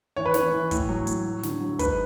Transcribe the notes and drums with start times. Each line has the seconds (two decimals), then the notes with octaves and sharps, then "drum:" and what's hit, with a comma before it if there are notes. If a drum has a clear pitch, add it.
0.16 E3 C#5
0.26 B4
0.34 E3 C#5, drum: snare
0.53 E3
0.71 A2, drum: kick, hi-hat
0.89 F#3
1.07 A2, drum: hi-hat
1.25 F#3
1.43 D3, drum: snare
1.61 F#3
1.79 G#2 B4, drum: kick, hi-hat